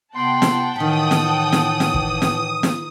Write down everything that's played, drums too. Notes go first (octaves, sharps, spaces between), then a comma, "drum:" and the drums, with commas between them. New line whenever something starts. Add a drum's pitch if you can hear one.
C3 B3 F#5 G5 A5 C6
drum: snare
A2 D#3 E3 B5 D#6
drum: snare
drum: snare
drum: snare
drum: kick
drum: snare
drum: snare